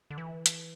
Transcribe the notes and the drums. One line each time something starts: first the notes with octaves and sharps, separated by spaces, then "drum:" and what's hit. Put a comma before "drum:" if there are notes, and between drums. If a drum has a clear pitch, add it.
D3
E3
drum: hi-hat